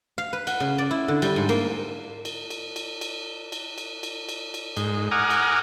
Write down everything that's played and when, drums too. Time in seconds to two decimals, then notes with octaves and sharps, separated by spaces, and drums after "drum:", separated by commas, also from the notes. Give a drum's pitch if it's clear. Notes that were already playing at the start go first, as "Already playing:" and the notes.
0.18 F5
0.33 B4
0.47 F#5, drum: cymbal
0.60 C#3
0.78 D5
0.91 E4
1.08 D3
1.22 G3, drum: cymbal
1.36 G#2
1.49 A#3, drum: cymbal
2.25 drum: cymbal
2.50 drum: cymbal
2.76 drum: cymbal
3.01 drum: cymbal
3.52 drum: cymbal
3.78 drum: cymbal
4.03 drum: cymbal
4.29 drum: cymbal
4.54 drum: cymbal
4.76 G#2, drum: cymbal
5.11 F#5 G#5 A#5 D6 D#6 F6
5.30 drum: cymbal